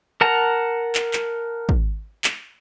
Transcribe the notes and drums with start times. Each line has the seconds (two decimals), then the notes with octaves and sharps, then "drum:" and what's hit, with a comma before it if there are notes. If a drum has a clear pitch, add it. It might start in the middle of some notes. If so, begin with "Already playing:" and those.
0.21 A#4 F#5 A5 A#5
0.95 drum: clap
1.13 drum: clap
1.69 drum: kick
2.24 drum: clap